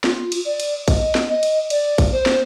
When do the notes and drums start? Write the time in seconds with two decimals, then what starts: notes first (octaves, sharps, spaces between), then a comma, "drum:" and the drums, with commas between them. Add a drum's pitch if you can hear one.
0.04 F4, drum: snare
0.32 drum: cymbal
0.45 D5
0.60 drum: cymbal
0.88 D#5, drum: kick, cymbal
1.15 drum: snare
1.29 D#5
1.43 drum: cymbal
1.70 D5, drum: cymbal
1.98 drum: kick, cymbal
2.13 C5
2.26 drum: snare